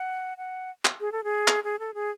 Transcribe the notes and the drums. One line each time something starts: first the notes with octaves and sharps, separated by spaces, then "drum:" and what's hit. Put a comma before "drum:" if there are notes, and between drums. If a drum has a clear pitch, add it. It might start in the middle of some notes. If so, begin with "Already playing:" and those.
Already playing: F#5
F#5
drum: clap
G#4
A4
G#4
drum: clap
G#4
A4
G#4